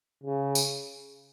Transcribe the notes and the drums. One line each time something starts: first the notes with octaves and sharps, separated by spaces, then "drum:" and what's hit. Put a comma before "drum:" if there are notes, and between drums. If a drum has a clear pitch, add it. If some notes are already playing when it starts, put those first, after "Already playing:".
C#3
drum: tambourine